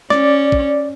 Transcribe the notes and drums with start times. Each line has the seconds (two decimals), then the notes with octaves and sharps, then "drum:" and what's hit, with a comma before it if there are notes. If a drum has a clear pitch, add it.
0.10 C#4 D5, drum: snare
0.52 drum: kick